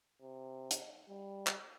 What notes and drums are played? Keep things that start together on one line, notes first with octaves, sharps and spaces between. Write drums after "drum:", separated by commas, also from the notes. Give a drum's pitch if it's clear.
C3
drum: hi-hat
G3
drum: clap